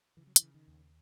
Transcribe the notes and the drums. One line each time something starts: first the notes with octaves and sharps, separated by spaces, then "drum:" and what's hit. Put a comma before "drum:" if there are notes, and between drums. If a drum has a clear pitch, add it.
C#3 E3
F#3
E3, drum: hi-hat
C#3
D#3
D#2